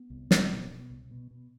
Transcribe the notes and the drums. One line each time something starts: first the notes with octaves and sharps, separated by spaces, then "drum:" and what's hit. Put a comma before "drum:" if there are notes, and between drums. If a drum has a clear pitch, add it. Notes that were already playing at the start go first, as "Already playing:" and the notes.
Already playing: B3
C2
C2, drum: snare
B2
B2
C2
B2
B2